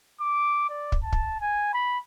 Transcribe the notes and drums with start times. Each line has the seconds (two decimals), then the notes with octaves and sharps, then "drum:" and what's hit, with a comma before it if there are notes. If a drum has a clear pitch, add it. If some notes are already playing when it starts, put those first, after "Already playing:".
0.20 D6
0.69 D5
0.92 drum: kick
1.03 A5
1.12 drum: kick
1.41 G#5
1.73 B5